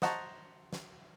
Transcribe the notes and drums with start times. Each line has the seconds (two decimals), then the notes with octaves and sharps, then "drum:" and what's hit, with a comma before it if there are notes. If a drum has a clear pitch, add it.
0.02 C5 D#5 F#5 A5 A#5 C#6, drum: snare
0.73 drum: snare